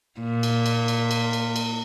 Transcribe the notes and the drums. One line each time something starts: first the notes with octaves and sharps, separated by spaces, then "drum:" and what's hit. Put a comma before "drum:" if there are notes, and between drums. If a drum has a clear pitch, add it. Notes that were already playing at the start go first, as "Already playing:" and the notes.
A#2
drum: cymbal
drum: cymbal
drum: cymbal
drum: cymbal
drum: cymbal
drum: cymbal